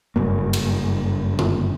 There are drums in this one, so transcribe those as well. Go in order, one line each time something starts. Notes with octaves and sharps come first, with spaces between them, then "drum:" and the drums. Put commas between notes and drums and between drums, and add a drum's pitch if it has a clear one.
F#1 G2 A#3
drum: cymbal
drum: tom D3